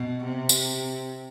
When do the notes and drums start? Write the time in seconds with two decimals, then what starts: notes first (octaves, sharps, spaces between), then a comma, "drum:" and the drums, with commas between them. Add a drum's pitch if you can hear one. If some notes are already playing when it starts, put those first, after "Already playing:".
Already playing: B2
0.24 C3
0.49 drum: tambourine